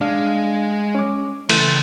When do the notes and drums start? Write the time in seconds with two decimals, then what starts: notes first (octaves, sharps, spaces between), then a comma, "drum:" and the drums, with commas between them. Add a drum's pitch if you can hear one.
0.01 G#3 D4 F5
0.95 C#4 D6
1.49 C#3 E3 A3 C6, drum: cymbal